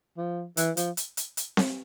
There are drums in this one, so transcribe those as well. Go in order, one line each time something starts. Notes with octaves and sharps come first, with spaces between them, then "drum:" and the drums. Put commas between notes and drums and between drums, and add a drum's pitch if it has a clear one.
F3
E3, drum: hi-hat
F3, drum: hi-hat
drum: hi-hat
drum: hi-hat
drum: hi-hat
drum: snare C4